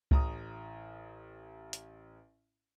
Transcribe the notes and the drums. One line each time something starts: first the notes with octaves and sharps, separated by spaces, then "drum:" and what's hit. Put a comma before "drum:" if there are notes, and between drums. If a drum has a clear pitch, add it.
A1 A#5 D#6, drum: kick C#2
drum: hi-hat